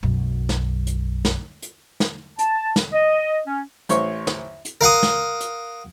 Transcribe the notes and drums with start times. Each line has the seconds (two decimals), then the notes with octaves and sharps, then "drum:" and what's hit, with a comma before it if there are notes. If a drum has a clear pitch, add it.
0.03 B1 F#2
0.49 drum: snare
0.87 drum: hi-hat
1.25 drum: snare
1.62 drum: hi-hat
2.00 drum: snare
2.39 A5, drum: hi-hat
2.76 drum: snare
2.93 D#5
3.46 C#4
3.89 A1 C5 C#5 C#6, drum: hi-hat
4.27 drum: snare
4.65 drum: hi-hat
4.81 A#4 F5 F#5 D#6
5.03 drum: snare
5.40 drum: hi-hat